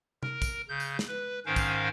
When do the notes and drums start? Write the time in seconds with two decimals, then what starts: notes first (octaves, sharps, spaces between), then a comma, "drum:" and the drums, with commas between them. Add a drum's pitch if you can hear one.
0.23 A#4, drum: tom C3
0.42 drum: kick, tambourine
0.69 C#3 G6
0.80 drum: tambourine
0.99 drum: snare
1.08 B4
1.46 G#2 D#3 C#4 A#4 C5 F5
1.56 drum: kick, tambourine